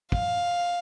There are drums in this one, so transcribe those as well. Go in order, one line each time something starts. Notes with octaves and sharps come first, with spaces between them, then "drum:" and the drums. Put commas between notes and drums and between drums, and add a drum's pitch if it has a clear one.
F5, drum: kick